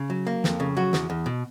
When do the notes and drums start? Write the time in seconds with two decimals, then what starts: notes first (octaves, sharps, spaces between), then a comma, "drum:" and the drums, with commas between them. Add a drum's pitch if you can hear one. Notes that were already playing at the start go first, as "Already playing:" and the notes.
Already playing: C#3
0.10 F#3
0.27 A#3
0.44 F2, drum: snare
0.60 C#3
0.77 F#3 F#4
0.93 E2, drum: snare
1.10 E2
1.26 B2